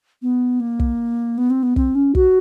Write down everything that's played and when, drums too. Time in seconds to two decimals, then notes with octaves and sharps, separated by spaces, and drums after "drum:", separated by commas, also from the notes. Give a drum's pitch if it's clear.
0.22 B3
0.60 A#3
0.79 drum: kick
1.38 B3
1.50 C4
1.63 B3
1.76 C4, drum: kick
1.95 C#4
2.15 F#4, drum: kick